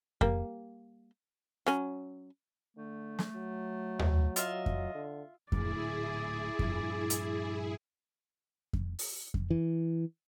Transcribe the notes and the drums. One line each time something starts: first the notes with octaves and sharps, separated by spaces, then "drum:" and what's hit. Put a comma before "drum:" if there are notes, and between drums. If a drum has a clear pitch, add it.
G3 A#3, drum: kick F2
F#3 C#4, drum: rim click
D3 A3
drum: snare
F#3
drum: tom D#2
F4 D#5 E5, drum: hi-hat
drum: kick F2
D3
D1 D2 A#2 E4 G#4 D5, drum: kick F2
G2 A#2 F3, drum: kick F2
drum: hi-hat
drum: kick F2
drum: open hi-hat
drum: kick F2
E3